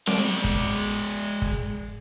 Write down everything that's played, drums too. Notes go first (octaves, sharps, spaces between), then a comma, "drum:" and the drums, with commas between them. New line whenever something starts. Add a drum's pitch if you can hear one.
G#3 D5, drum: snare C4
drum: kick
drum: kick